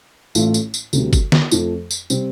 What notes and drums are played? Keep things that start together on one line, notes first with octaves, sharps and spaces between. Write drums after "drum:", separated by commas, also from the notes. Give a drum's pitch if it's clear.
A1 A2 A3 F4, drum: tambourine
drum: tambourine
drum: tambourine
D2 C3 G3, drum: tambourine
drum: kick G1, tambourine
drum: snare
F2 F3 A3, drum: tambourine
drum: tambourine
C3 G3 C4, drum: tambourine